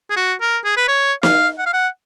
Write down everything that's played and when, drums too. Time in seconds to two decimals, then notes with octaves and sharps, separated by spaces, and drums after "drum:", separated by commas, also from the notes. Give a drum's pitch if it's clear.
0.10 G#4
0.17 F#4
0.41 A#4
0.65 G#4
0.77 B4
0.88 C#5
1.23 F5, drum: snare
1.59 F#5
1.66 F5
1.73 F#5